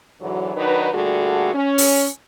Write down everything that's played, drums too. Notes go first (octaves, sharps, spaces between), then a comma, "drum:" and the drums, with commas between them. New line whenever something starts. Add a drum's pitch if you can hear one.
G#2 D3 E3 F#3
D#3 F#3 D4 D#4 B4
A#2 D3 G3 A3 F#4 G#4
C#4
drum: open hi-hat